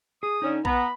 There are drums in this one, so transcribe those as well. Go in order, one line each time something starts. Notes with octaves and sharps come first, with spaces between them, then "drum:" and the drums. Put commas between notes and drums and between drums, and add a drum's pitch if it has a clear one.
G#4 D#6
D3 C#4 D#4
B3 A#5 B5, drum: kick A#1